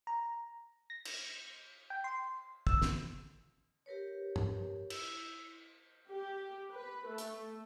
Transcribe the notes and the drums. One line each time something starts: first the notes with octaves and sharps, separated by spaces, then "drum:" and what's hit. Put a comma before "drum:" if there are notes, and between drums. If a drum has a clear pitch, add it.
A#5
A#6
drum: cymbal
G5
C6
E6, drum: kick
drum: snare
G4 A#4 B4 C#5
drum: tom G2
E4, drum: cymbal
G4
B4
A3
drum: hi-hat